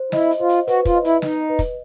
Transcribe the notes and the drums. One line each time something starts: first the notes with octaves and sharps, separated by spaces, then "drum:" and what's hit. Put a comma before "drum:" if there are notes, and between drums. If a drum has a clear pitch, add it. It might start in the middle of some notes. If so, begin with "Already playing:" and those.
Already playing: C5
E4 D#5, drum: snare
drum: hi-hat
F4 C5
drum: hi-hat
F#4 B4, drum: hi-hat
F4, drum: kick, hi-hat
D#5
E4, drum: hi-hat
D#4 D#5, drum: snare
B4
drum: kick, hi-hat